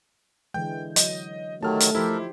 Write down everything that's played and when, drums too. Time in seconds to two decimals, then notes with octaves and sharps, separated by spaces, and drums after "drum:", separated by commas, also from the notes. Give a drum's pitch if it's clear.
0.54 D3 E3 G#3 G5 G6
0.96 F#3 D#5, drum: hi-hat
1.63 D#3 F#3 A3 D#4 G4 A5 F6
1.80 drum: hi-hat
1.95 F3 E4 G4 A4 A#4 C5 E5